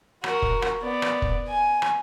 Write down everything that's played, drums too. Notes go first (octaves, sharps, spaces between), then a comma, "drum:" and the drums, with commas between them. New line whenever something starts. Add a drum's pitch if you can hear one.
F#4 A#4, drum: rim click
drum: kick F1
drum: rim click
B3 D5
drum: rim click
drum: kick F1
G#5
drum: rim click